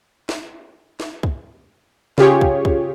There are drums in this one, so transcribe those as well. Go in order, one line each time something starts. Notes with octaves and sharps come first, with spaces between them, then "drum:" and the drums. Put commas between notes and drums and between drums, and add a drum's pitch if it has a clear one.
drum: snare
drum: snare
drum: kick
C#3 F4 G4 G#4 C#5, drum: snare
drum: kick
drum: kick